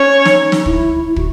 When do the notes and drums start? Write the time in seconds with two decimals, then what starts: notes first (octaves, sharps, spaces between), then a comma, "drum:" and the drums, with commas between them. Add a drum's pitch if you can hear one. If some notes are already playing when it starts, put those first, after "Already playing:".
Already playing: C#4 C#5
0.25 D#4, drum: snare
0.52 drum: snare
0.66 E4, drum: kick
1.05 E4
1.16 F#4, drum: kick